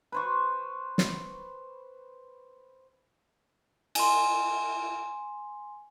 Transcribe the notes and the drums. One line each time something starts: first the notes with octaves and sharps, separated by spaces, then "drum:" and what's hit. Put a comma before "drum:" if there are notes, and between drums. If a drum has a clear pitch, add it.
B4 C5 C#6
drum: snare
G#5 C6, drum: cymbal